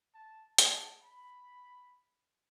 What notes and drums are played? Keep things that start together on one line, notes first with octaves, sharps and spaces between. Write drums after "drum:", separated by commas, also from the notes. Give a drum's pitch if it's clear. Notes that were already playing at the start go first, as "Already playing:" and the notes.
A5
A5, drum: hi-hat
B5